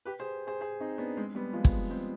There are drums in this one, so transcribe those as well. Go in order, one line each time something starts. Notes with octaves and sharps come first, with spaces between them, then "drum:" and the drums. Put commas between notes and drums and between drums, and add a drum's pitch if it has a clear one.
G4 B4
G#4 C5
G#4 C5
G#4 C5
C4 D#4
B3 D4
G#3 C4
G3 B3
F3 G#3
drum: kick
G#3 C4